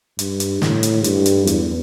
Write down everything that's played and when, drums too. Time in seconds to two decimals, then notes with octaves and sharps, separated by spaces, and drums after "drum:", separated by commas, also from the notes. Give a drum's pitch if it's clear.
0.19 G2, drum: hi-hat
0.40 drum: hi-hat
0.62 A2, drum: snare
0.83 drum: hi-hat
1.04 G2, drum: hi-hat
1.26 drum: hi-hat
1.47 E2, drum: hi-hat